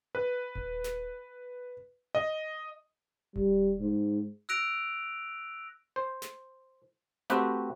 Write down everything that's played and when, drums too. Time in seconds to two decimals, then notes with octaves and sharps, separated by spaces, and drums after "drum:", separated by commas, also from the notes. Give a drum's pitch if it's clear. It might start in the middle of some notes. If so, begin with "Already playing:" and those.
0.15 B4
0.55 drum: kick D#1
0.84 drum: snare
2.15 D#5
3.36 G3, drum: kick D#1
3.80 G#2
4.49 E6 F#6 A#6 D7 F7
5.96 C5
6.22 drum: snare
7.30 A3 C4 F#4 G4 B4, drum: hi-hat